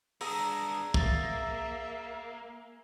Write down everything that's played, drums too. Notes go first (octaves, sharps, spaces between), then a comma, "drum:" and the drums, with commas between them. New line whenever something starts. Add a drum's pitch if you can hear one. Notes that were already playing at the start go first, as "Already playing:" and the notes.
B3 D4 G#4 A#5 D#6 E6, drum: open hi-hat
A#3 E5 E6 A6, drum: kick